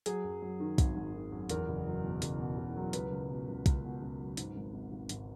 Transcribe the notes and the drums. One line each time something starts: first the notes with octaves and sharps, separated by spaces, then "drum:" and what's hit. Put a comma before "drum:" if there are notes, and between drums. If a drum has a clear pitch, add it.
F#3 G#4, drum: hi-hat
F#2
F#3
D#3
G#1, drum: kick, hi-hat
G#1
D#3
F#2
E2 A#4, drum: hi-hat
F#1
F#3
B2
F#1, drum: hi-hat
B2
F#1
F#3
C#2 B4, drum: hi-hat
C#2
B2
C#2
C#2, drum: kick, hi-hat
B2
C#2
F#3
G#2, drum: hi-hat
G#1
G#1
G#1
G#1, drum: hi-hat